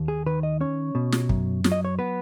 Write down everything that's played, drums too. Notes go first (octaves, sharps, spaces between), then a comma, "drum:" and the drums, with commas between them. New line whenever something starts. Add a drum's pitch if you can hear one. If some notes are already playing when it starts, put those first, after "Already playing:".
Already playing: D#2
G#4
D#3 B4
D#5
C#4 C#5
B2
drum: snare
F#2, drum: kick
F#3, drum: snare
D#5
C#5
B3 B4